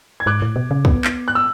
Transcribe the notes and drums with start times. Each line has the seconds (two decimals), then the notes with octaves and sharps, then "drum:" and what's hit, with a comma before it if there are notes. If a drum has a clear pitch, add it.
0.20 G#6
0.26 G#2 D6 F#6
0.42 A2
0.56 B2
0.71 C#3
0.85 B3, drum: kick
1.04 drum: clap
1.28 F#6
1.35 E6